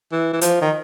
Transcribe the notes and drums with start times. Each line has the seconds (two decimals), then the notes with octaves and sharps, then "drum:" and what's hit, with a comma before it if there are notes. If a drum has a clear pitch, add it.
0.12 E3
0.33 E3
0.41 F3, drum: hi-hat
0.61 D#3